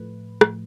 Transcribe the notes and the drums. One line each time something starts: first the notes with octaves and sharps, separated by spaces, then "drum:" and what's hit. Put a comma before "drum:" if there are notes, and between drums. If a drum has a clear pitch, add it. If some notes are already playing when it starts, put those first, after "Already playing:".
Already playing: A2 F3 A3 B4
A2 F3 A3, drum: rim click